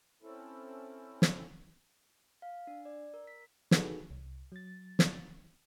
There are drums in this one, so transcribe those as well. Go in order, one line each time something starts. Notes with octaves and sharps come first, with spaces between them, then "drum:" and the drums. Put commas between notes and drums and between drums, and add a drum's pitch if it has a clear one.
C4 C#4 E4 A4
drum: snare
F5
D4
D5
A#4
B6
D#4 F#4 G#4 A4 B4, drum: snare
C2
F#3 A6
drum: snare